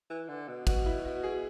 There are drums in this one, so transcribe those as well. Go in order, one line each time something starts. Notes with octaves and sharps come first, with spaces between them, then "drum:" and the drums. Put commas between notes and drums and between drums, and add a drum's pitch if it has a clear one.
E3
D3
B2
B2 F#4, drum: kick, cymbal
E4
F#4
G#4